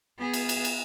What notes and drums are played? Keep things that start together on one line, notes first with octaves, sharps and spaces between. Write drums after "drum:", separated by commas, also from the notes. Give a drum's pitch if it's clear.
B3 G#4
drum: cymbal
drum: cymbal
drum: cymbal